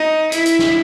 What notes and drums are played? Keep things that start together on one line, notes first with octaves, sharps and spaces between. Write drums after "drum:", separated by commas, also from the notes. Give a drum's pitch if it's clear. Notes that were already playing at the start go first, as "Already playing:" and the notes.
Already playing: D#4
E4, drum: hi-hat
drum: hi-hat
drum: snare